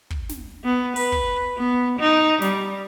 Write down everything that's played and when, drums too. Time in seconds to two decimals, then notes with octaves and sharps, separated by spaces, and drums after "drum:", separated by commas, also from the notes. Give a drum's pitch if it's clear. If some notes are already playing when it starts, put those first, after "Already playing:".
0.10 drum: kick
0.29 drum: snare
0.64 B3
0.96 B4, drum: open hi-hat
1.12 drum: kick
1.57 B3
1.99 D#4
2.42 G3, drum: snare